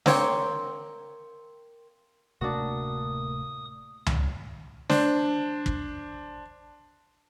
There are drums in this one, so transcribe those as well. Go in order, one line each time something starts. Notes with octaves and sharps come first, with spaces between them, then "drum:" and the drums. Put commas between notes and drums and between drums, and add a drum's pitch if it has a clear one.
A#3 C4 C#5, drum: snare
D1 C3 A3 A#3 D4 F#4 A#4 D#6
drum: tom C#2
D4 C5, drum: snare
drum: kick